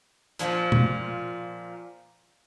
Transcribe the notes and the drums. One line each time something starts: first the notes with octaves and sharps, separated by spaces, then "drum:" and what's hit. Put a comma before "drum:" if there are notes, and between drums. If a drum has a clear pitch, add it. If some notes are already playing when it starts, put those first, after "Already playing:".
A#2 F3, drum: hi-hat
drum: tom